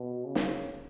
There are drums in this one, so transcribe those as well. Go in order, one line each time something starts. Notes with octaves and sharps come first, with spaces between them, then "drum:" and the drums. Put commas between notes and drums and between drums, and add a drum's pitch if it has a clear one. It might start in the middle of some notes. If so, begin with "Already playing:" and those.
Already playing: B2
C#3
drum: snare